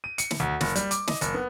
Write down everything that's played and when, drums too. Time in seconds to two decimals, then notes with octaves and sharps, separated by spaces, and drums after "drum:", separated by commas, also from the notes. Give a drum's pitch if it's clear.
0.04 D#7
0.18 C#7, drum: hi-hat
0.31 drum: snare
0.40 D2
0.61 F#1, drum: snare
0.76 G3, drum: hi-hat
0.91 D6, drum: hi-hat
1.08 D#5, drum: snare
1.21 F#1, drum: hi-hat
1.34 B3